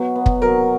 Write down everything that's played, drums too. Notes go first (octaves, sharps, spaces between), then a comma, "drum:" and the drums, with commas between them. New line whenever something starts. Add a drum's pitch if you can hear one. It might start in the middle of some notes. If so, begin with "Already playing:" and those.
Already playing: B2 F#3
B3
drum: kick
F#3 A#4